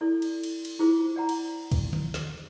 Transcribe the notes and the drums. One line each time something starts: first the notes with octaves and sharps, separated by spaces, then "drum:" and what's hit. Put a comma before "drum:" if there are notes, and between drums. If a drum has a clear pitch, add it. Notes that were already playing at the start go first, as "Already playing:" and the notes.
E4 A4 D5
drum: cymbal
drum: cymbal
drum: cymbal
E4 F4 G#4 C5
D5 F#5 A#5
drum: cymbal
drum: kick, cymbal
drum: tom D3
drum: snare